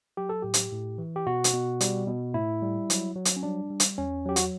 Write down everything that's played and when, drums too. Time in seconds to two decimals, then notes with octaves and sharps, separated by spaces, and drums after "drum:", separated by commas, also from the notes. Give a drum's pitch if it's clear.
0.17 F#3 G4
0.29 A4
0.42 A2 G4
0.54 drum: hi-hat
0.72 A2
0.98 E3
1.16 G4
1.27 B2 F#4
1.44 drum: hi-hat
1.54 B2
1.80 G3, drum: hi-hat
2.07 B2
2.34 A2 E4
2.62 G3
2.90 F#3, drum: hi-hat
3.16 F#3
3.25 drum: hi-hat
3.36 C#4
3.43 G3 D4
3.70 G3
3.80 drum: hi-hat
3.98 E2 C#4
4.26 F#3 G4
4.36 F#4, drum: hi-hat